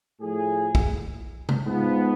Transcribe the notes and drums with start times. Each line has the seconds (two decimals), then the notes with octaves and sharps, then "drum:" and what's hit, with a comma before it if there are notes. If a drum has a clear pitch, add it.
0.20 A2 F3 A3 E4 G#4
0.75 drum: kick
1.49 drum: tom C3
1.66 G#2 F3 B3